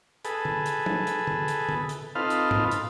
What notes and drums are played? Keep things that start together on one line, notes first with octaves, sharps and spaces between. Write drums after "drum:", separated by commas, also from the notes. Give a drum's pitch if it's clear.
G#4 A4 B4, drum: hi-hat
drum: tom
drum: hi-hat
drum: tom
drum: hi-hat
drum: tom
drum: hi-hat
drum: tom
drum: hi-hat
C4 D#4 F4 A4 B4 F5
drum: hi-hat
drum: tom
drum: hi-hat